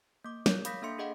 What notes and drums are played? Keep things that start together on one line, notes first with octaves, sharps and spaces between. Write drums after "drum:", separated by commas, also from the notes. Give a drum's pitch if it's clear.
A#3 D6
A#4 C#5 D6 G6, drum: snare
F5 B5 D#6 G6 A#6 B6, drum: hi-hat
A#3 D4 A4 E5 C6 C#7
D4 G#4 D#5 F5 F#5 B5